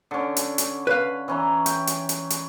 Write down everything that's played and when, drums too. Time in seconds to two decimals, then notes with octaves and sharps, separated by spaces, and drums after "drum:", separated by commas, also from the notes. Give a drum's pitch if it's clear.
0.11 D3 C#4
0.36 drum: hi-hat
0.58 drum: hi-hat
0.87 B4 F5
1.28 E3 C#4 A#5
1.66 G5, drum: hi-hat
1.87 drum: hi-hat
2.09 drum: hi-hat
2.30 drum: hi-hat